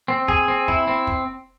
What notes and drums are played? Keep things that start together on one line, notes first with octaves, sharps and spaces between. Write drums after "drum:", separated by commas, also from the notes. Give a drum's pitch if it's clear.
C4
G#4, drum: kick
C4
E4, drum: kick
C4
drum: kick